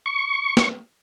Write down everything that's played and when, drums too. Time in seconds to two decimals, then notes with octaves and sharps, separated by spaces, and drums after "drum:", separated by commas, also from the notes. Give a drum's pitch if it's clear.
0.06 C#6
0.57 drum: snare